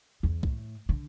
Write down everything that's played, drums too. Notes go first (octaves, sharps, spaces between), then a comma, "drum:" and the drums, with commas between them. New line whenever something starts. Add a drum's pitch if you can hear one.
E2
A2, drum: kick C2
D3